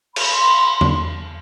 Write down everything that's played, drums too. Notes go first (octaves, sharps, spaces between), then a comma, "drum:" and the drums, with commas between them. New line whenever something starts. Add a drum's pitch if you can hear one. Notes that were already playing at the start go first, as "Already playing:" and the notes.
B5 C6, drum: cymbal
drum: tom E2